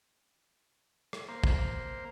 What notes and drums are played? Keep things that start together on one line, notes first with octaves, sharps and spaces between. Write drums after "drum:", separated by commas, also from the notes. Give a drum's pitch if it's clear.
drum: rim click
A#3 C5
drum: kick